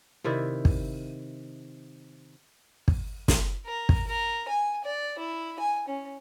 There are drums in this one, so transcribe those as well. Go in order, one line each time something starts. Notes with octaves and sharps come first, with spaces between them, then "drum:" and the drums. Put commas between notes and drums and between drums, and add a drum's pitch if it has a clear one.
C3 D#3 E4 D5
drum: kick
drum: kick
drum: snare
A#4
drum: kick
A#4
G#5
D5
E4
G#5
C#4